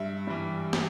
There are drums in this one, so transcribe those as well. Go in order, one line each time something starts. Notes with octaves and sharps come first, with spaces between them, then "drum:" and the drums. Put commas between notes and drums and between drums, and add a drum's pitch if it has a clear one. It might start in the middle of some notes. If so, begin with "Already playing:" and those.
Already playing: G2 E5
E3 G3
drum: snare